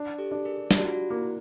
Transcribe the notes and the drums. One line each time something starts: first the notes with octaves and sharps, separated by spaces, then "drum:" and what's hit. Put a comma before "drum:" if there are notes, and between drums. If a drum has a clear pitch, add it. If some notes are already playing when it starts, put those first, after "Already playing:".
Already playing: D4
G4 A4
D4
G#4 A#4
D4 G4, drum: snare
F#4
F4
F#4
A#3 E4